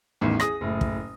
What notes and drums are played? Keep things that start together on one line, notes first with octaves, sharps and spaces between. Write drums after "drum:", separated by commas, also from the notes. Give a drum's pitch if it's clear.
A1 E2 D#3
G#4 D#6 A#6, drum: rim click
F#1 A2
drum: kick